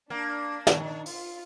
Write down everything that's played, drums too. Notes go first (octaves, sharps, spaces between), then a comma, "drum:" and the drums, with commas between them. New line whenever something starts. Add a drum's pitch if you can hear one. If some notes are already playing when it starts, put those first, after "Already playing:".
A#3 D4
D3, drum: snare
D#3
F4, drum: open hi-hat